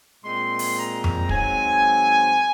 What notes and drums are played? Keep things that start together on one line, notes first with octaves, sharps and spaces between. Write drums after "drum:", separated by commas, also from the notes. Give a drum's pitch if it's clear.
A#2 G#3 C4 C6
drum: open hi-hat
A#5
drum: tom F2
G#2 F#3 C4 G#5, drum: kick